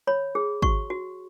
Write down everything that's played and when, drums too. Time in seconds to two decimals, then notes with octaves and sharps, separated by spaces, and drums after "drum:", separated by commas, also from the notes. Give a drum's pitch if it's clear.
0.07 C#5 B5
0.35 G#4
0.62 F#4 C#6, drum: kick G#1
0.90 F#4